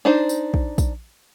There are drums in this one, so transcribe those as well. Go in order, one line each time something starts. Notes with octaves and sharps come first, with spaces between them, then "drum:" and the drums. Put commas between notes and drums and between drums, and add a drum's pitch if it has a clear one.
D4 D#4 C5
drum: tambourine
drum: kick
drum: kick, tambourine